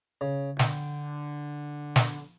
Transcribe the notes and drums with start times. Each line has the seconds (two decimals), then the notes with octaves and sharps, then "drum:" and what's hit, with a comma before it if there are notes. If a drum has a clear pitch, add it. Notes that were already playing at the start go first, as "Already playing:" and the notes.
0.21 C#3
0.59 D3 G5, drum: snare
1.96 drum: snare